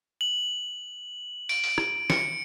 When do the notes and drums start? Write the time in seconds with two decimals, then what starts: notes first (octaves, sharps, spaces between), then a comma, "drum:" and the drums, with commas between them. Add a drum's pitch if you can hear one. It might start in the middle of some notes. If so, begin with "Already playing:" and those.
0.21 F#7
1.49 D7, drum: open hi-hat
1.64 drum: open hi-hat
1.78 drum: rim click
2.10 C#7, drum: snare